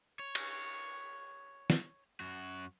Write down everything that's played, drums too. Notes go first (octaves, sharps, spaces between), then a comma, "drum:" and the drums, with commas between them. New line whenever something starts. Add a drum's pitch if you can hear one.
C#5
drum: cymbal
drum: snare
F#2 F#4